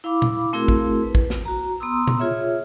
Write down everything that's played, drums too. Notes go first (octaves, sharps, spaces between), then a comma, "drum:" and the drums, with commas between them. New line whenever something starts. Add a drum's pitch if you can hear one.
E4 F5 B5 D6
drum: tom A#2
A3 C4 E4 F#4 G#4 A#4
drum: kick
B4
drum: kick
drum: snare
F#4 A#5
B3 A#5 C6 D#6 E6
drum: tom A#2
F4 G#4 C#5 E5